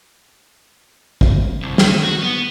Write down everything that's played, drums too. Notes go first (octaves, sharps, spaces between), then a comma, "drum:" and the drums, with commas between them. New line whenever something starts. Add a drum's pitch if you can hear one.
drum: kick
C2
D#3, drum: snare
F#4
B3